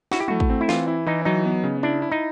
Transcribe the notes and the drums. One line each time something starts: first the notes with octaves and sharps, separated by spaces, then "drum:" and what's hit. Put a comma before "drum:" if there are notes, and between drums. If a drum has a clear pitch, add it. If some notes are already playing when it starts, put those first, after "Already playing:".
E4 F#4, drum: snare
G4
A3 F#4, drum: tom
drum: kick
C4
E4
E3 F4, drum: snare
E4
E3 D#4
F#3 D#4
B3
C#3
D4 E4
E4
D#4